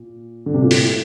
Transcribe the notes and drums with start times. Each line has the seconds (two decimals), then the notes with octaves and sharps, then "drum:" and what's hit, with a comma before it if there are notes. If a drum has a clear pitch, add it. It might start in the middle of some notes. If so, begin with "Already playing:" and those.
Already playing: A#2
0.46 D3
0.54 C3
0.62 A#2
0.71 A2, drum: open hi-hat